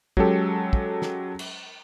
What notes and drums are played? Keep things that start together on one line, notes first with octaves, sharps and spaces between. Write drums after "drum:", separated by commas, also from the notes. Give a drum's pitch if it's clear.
F#3 G#3 C#4 G4 A4, drum: kick
drum: kick
drum: snare
drum: cymbal